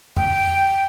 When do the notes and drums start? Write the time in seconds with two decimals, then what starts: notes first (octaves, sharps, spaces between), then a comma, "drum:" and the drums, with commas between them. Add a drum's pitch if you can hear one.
0.17 G5, drum: tom F2